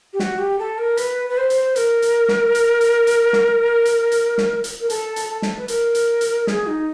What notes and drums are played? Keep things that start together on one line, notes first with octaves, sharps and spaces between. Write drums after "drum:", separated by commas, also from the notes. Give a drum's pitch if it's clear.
G4
F#4, drum: snare
G4
A4
A#4
B4, drum: hi-hat
B4
C5
drum: hi-hat
A#4, drum: hi-hat
drum: hi-hat
drum: snare
drum: hi-hat
drum: hi-hat
drum: hi-hat
drum: snare
drum: hi-hat
drum: hi-hat
drum: snare
drum: hi-hat
A#4
A4, drum: hi-hat
drum: hi-hat
A4
drum: snare
B4
A#4, drum: hi-hat
drum: hi-hat
drum: hi-hat
G#4, drum: snare
D#4